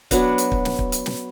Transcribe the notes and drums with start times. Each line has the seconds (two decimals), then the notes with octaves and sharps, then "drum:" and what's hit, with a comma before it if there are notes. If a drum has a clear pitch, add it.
0.11 F#3 B3 D4, drum: kick, hi-hat
0.38 drum: hi-hat
0.52 drum: kick
0.65 drum: snare
0.79 drum: kick
0.92 drum: hi-hat
1.06 drum: snare